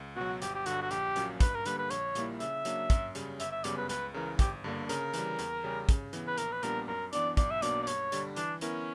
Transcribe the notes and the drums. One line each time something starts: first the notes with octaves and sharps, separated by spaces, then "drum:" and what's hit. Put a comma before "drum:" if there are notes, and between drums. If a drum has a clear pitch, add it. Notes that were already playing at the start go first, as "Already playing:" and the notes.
Already playing: C#2
B2 F#3 F#4
G1 G4, drum: hi-hat
G4
G2 D3 F#4, drum: hi-hat
F#4
A#1 G4, drum: hi-hat
A#2 F#3 A#3 C#4, drum: hi-hat
G2 B4, drum: kick, hi-hat
A#4
D3 G3 A#3 B4, drum: hi-hat
B4
A#1 C#5, drum: hi-hat
A#2 G3 A#3 E4, drum: hi-hat
C#3 E5, drum: hi-hat
F#3 A#3 D4, drum: hi-hat
F#2, drum: kick, hi-hat
C#3 G3, drum: hi-hat
G1 E5, drum: hi-hat
E5
F#2 C#3 G3 B3 D5, drum: hi-hat
B4
C#2 B4, drum: hi-hat
C#3 E3 A#4
G1 G4, drum: kick, hi-hat
G2 D3 A#3 D4
C#3 A#4, drum: hi-hat
E3 G3, drum: hi-hat
E2, drum: hi-hat
C#3 G3 C#4 G4
C#3, drum: kick, hi-hat
E3 B3, drum: hi-hat
B4
A#1 A#4, drum: hi-hat
B4
A#2 G3 B3 D4 A#4, drum: hi-hat
F#2 A#4
E3 B3 D4 D5, drum: hi-hat
B1 D5, drum: kick, hi-hat
E5
B2 F#3 A#3 D4 D5, drum: hi-hat
D5
G2 C#5, drum: hi-hat
D3 G3, drum: hi-hat
E3 D4, drum: hi-hat
B3 C#4 E4 A#4, drum: hi-hat